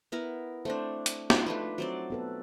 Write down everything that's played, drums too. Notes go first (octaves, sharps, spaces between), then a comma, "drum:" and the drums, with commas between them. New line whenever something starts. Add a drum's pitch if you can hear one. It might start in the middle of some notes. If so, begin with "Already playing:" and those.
B3 E4 A#4
A3 C4 D4 C5
drum: hi-hat
D#4 F4 F5 G5 B5, drum: snare
A3 D4 B4
F#3 C4 D5
B3 A4 B4